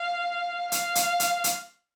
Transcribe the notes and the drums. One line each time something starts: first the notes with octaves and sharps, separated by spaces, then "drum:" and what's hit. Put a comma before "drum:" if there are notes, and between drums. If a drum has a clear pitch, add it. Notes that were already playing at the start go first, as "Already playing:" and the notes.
Already playing: F5
F5, drum: hi-hat
drum: hi-hat
drum: hi-hat
drum: hi-hat